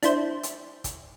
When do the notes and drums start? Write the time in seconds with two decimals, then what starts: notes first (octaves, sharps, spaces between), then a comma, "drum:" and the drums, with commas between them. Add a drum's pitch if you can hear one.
0.02 D4 E4 C5, drum: hi-hat
0.43 drum: hi-hat
0.84 drum: kick, hi-hat